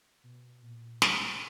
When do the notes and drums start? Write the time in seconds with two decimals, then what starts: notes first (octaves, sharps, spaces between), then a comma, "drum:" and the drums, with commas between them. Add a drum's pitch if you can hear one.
0.24 B2
0.62 A#2
1.02 B2, drum: snare